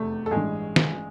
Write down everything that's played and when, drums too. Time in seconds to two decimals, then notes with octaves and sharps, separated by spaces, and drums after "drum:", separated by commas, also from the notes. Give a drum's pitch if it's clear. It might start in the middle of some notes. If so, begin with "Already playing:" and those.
Already playing: F1 E2 C3 A3
0.26 A4
0.31 A1 G2 E3 G#3 G#4
0.76 drum: snare